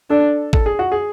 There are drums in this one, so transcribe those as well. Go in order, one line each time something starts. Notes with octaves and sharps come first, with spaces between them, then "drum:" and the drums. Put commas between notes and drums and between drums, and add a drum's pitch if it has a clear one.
D4 A4
A4, drum: kick G#1
G#4
F#4
G#4